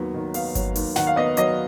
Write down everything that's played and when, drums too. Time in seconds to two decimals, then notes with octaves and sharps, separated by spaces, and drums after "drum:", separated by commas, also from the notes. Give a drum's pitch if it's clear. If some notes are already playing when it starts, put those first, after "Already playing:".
Already playing: D#2 F#3 B3
0.14 D#3
0.34 B3 F5, drum: open hi-hat
0.55 F#3, drum: kick G1, hi-hat
0.75 D#2, drum: open hi-hat
0.96 D#3 F#5, drum: snare
1.07 F5
1.16 B3 D#5
1.37 F#3 D#5, drum: hi-hat